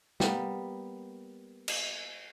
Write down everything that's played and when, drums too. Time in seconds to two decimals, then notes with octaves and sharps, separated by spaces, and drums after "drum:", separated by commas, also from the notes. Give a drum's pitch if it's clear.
0.20 G3 A#3 B3, drum: snare
1.68 drum: cymbal